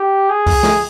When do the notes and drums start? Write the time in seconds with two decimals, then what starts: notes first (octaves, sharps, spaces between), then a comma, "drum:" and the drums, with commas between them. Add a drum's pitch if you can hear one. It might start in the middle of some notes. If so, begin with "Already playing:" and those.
Already playing: G4
0.30 G#4
0.46 drum: kick C2, open hi-hat
0.63 drum: snare